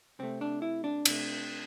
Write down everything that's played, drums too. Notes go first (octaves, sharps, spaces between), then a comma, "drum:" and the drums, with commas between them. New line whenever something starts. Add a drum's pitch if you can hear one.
C3 A3 C4
D4
E4
D4
C3 A3, drum: cymbal